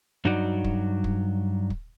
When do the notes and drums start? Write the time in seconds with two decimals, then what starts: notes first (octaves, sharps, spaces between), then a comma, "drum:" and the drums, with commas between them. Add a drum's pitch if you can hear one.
0.25 G2 F#3 D#4 F#4 D5
0.64 drum: kick
1.04 drum: kick
1.70 drum: kick